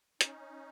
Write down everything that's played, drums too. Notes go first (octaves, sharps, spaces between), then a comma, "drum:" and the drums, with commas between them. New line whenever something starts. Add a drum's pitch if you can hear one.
C#4 D#4, drum: hi-hat